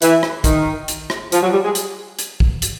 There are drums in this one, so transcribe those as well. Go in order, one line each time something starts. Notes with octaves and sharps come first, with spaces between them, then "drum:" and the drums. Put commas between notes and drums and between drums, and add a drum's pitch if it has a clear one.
E3, drum: hi-hat
drum: rim click
D#3, drum: kick, hi-hat
drum: hi-hat
drum: rim click
F3, drum: hi-hat
F#3
G3
G#3
drum: hi-hat
drum: hi-hat
drum: kick
drum: hi-hat